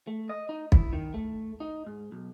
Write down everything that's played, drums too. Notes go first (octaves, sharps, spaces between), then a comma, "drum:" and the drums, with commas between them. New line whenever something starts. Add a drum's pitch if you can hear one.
A3
D#5
D#4
E4, drum: kick
D#3
A3
D#4
G#2
B1